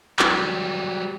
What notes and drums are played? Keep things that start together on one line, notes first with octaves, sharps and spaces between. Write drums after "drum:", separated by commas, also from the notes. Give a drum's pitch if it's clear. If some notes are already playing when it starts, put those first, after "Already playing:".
F#3 G3, drum: clap